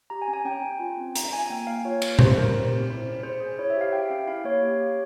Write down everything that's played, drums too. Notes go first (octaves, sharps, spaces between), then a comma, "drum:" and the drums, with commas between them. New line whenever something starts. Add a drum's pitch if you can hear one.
G4 A#5
G#5
C#4
G#5
C#4 G5
C#4
F4
C4
C4 A#5, drum: hi-hat
F4 G#5
A#3 G5
A#3 F5
F4 C#5
A#3, drum: cymbal
C4 C5, drum: tom A#2
C4 A#4
G4 C5
C4
E4
C#4
G#4 C5
G#4
E4 C#5
E5
G4
F5
G4 G5
C#4 F5
E4 F5
A#3 C#5
G4
G4